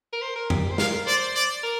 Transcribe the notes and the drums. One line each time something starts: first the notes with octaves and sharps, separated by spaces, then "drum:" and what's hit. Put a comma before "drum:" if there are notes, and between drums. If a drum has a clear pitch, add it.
A#4
C5
A#4
G4, drum: tom F2
C5
A#4 F5, drum: snare
C5 D5
D5
A#4